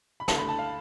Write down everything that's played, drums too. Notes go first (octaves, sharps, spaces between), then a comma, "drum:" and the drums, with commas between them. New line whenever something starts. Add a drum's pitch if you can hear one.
B5
D2 D3 A3 A5, drum: snare
B5
A5
F5